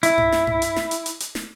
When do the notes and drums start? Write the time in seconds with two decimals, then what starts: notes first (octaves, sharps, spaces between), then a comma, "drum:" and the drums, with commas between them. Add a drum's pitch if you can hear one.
0.03 E4, drum: hi-hat
0.18 drum: tom G2
0.32 drum: snare
0.47 drum: tom G2
0.62 drum: hi-hat
0.76 drum: snare
0.91 drum: hi-hat
1.06 drum: hi-hat
1.20 drum: hi-hat
1.35 drum: snare